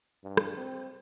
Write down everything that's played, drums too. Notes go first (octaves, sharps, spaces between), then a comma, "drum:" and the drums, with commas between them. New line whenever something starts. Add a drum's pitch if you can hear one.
G2
drum: rim click
C4